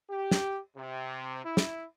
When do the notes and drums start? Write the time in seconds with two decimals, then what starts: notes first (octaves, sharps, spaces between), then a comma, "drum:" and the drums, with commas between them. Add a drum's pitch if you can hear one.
0.11 G4
0.31 drum: snare
0.77 C3
1.44 E4
1.57 drum: snare